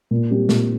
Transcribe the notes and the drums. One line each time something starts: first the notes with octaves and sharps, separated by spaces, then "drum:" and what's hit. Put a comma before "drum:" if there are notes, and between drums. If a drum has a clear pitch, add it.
A#2
G3 C4 G4
A#2, drum: snare